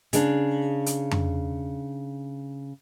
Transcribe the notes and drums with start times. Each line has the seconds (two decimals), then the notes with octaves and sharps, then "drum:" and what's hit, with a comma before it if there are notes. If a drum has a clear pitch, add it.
0.13 C#3 D4, drum: hi-hat
0.86 drum: hi-hat
1.11 drum: tom F2